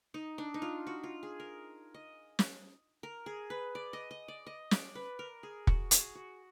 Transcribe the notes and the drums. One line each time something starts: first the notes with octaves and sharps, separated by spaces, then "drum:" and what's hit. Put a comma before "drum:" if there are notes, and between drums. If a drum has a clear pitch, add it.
D#4
D4
D#4
F4
F#4
F4
G#4
A#4
D#5
drum: snare
A#4
G#4
B4
D5
D#5
D#5
D5
D#5
D5, drum: snare
B4
A#4
G#4
F#4, drum: kick
G#4, drum: hi-hat
F#4